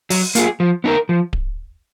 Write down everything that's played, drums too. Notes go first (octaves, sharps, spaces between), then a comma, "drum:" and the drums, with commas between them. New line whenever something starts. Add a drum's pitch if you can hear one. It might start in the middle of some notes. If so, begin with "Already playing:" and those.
F#3, drum: open hi-hat
A#3 F4 G#4, drum: hi-hat
F3
B3 D#4 A#4
F3
drum: kick D1